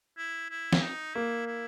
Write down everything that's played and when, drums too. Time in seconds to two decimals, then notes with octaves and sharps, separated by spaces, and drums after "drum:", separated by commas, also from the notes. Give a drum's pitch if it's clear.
0.18 E4
0.50 E4
0.73 drum: snare
0.82 D#4
1.15 A#3 E4
1.47 E4